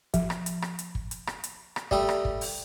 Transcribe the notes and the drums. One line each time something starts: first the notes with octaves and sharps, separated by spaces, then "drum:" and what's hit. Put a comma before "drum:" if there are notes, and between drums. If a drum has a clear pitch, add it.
F3, drum: kick, hi-hat
drum: rim click
drum: hi-hat
drum: rim click
drum: hi-hat
drum: kick
drum: hi-hat
drum: rim click
drum: hi-hat
drum: rim click
G3 A3 D5 D#6, drum: kick
drum: rim click
drum: kick
drum: open hi-hat